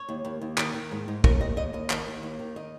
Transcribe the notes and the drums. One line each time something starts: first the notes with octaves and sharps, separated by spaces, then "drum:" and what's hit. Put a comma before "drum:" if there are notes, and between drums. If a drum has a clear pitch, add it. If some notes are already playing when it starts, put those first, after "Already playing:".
Already playing: C#5
D#2
D#2
D#2
D#3, drum: clap
D#3
G#2
G#2
D#2 A#4, drum: kick
D#2 D#5
D#2 D#5
D#2 D#5
D#3, drum: clap
D#2
D#2
D#3
D#5